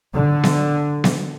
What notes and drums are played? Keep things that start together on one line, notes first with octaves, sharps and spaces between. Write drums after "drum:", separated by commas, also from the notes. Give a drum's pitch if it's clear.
D3
drum: snare B3
drum: snare B3